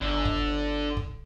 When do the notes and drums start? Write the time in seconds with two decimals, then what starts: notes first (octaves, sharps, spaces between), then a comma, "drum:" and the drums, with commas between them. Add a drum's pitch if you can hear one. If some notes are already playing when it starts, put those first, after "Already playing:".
0.01 G1 D3
0.25 drum: kick
0.97 drum: kick